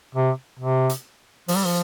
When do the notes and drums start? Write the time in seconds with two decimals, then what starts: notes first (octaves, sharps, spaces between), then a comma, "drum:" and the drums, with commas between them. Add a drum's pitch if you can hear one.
0.15 C3
0.59 C3
0.89 drum: hi-hat
1.48 F3, drum: open hi-hat
1.57 G3
1.66 F3